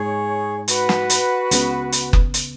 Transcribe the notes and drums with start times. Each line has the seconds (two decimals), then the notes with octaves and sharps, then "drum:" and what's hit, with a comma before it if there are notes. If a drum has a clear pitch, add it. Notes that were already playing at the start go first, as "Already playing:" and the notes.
Already playing: G#2 G#3 D#4 G#4 C#5
0.68 F#4 B4, drum: hi-hat
0.89 drum: snare
1.10 drum: hi-hat
1.51 C#2 C#3 B3, drum: hi-hat
1.92 drum: hi-hat
2.13 drum: kick F#1
2.34 drum: hi-hat